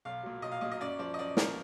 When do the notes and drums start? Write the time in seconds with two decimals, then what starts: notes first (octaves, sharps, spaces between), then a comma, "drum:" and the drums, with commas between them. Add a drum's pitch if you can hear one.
0.05 B1 F5
0.23 A#2 F#3
0.42 B1 D#5
0.51 F5
0.61 A#2 F#3 D#5
0.72 D#5
0.80 F#2 D5
0.99 F3 D5
1.14 D#5
1.19 F#2 D5
1.37 F3 A#4, drum: snare